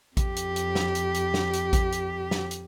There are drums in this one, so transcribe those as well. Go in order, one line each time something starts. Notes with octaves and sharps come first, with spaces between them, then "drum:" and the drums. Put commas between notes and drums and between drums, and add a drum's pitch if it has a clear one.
F2 G4, drum: kick A1, hi-hat
drum: hi-hat
drum: hi-hat
drum: snare
drum: hi-hat
drum: hi-hat
drum: snare
drum: hi-hat
drum: kick A1, hi-hat
drum: hi-hat
drum: snare
drum: hi-hat